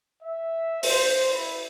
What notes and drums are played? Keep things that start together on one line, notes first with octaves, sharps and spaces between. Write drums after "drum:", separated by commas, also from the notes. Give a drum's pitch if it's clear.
E5
C5, drum: open hi-hat
E4